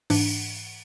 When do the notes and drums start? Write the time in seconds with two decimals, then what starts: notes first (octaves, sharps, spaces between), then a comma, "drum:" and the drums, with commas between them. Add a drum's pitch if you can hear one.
0.10 G#2 E3 D4, drum: open hi-hat